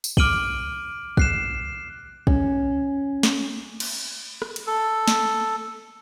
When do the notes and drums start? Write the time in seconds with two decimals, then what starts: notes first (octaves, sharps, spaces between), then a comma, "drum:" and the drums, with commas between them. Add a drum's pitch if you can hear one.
0.04 drum: tambourine
0.17 D6 F6 D7 D#7 F#7 G7, drum: kick
1.17 F#6 C7 E7, drum: kick
2.27 C#4, drum: kick
3.23 drum: snare
3.80 drum: cymbal
4.42 drum: rim click
4.56 drum: cymbal
4.67 A4
5.08 drum: snare